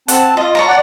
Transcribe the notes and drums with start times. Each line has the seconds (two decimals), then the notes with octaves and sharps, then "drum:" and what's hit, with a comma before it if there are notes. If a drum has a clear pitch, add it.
0.08 C4 F#5 A5, drum: hi-hat
0.37 F4 D#5
0.55 C#5 A5 A#5
0.67 D5 F#5